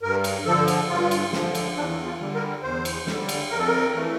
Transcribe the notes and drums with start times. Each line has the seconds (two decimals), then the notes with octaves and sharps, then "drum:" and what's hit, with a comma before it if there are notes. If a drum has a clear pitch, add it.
0.02 G2 A#4
0.24 drum: cymbal
0.46 D3 F3 A4
0.68 drum: cymbal
0.89 G2 F4
1.11 drum: cymbal
1.33 D3 F3, drum: snare
1.55 drum: cymbal
1.76 E2 D4
2.05 F4
2.20 D3 G3
2.35 A#4
2.63 E2 C5
2.85 drum: cymbal
3.07 D3 G3, drum: snare
3.29 drum: cymbal
3.51 F2 A#4
3.59 A4
3.67 A#4
3.94 E3 A3